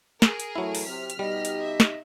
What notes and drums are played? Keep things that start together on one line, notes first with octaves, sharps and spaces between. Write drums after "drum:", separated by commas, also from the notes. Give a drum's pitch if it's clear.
G#4 A#4, drum: snare
drum: hi-hat
E3 F#3 A3 E4
drum: open hi-hat
C3 F6 B6
drum: hi-hat
B2 G3 D#4 G4 D#5
drum: hi-hat
E5
drum: snare